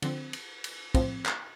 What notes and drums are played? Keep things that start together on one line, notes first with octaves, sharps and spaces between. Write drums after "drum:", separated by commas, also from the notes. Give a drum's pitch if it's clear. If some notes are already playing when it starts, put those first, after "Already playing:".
D3 F3 C4, drum: cymbal
drum: cymbal
drum: cymbal
A2 F3 C4, drum: kick, cymbal
drum: clap